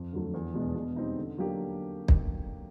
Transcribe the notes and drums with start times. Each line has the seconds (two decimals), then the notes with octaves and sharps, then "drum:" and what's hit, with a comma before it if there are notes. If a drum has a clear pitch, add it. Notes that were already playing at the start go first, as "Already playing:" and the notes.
Already playing: F2
0.13 D3 F#3 A3
0.34 E2
0.54 B2 G#3 B3 D4
0.75 B2
0.96 G3 C4 D#4
1.18 D3
1.38 F#3 A#3 D4 G4
2.08 drum: kick